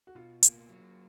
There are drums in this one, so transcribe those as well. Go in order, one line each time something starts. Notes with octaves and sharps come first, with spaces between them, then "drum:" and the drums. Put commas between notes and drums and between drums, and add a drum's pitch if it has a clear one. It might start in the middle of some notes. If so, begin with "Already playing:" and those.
F#4
B2 F4
A#3, drum: hi-hat
F#3